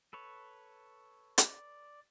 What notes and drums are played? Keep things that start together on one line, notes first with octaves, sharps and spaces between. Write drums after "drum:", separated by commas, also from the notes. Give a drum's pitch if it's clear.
A4 B4 C#5
D5, drum: hi-hat